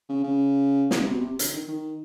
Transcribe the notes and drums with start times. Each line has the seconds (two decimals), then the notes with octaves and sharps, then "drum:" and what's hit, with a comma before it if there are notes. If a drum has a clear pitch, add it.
0.09 C#3
0.23 C#3
0.91 C#3, drum: snare
1.01 C3
1.10 B2
1.20 C3
1.39 D3, drum: hi-hat
1.53 D#3
1.68 D#3